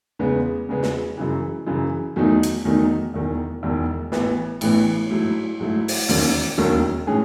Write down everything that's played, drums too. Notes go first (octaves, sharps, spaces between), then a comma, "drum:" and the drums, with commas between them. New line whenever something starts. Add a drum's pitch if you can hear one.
E2 C#3 G#3 B3
E2 C#3 G#3 B3
drum: snare
F#2 C#3 E3
F#2 C#3 E3
E2 D#3 F#3 A3 D#4
drum: hi-hat
E2 D#3 F#3 A3 D#4
E1 E2 D#3
E1 E2 D#3
A1 A2 E3 B3, drum: snare
A1 A2 E3 B3, drum: cymbal
G#2 F#3 A3 E4
G#2 F#3 A3 E4
drum: open hi-hat
E1 D#2 D#3 F#3 C#4, drum: open hi-hat
E1 D#2 D#3 F#3 C#4
A2 E3 G#3 C#4 G#4